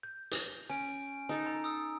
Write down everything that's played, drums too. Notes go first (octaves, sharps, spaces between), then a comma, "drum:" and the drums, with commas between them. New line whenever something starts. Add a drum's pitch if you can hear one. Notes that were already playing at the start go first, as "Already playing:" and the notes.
G6
drum: hi-hat
C#4 G#5 D7
D#4 A4
A#5
D#6 E6